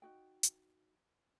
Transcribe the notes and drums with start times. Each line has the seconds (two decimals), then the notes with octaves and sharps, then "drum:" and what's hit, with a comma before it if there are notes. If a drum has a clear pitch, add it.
0.02 D#4 F#4 G5
0.43 drum: hi-hat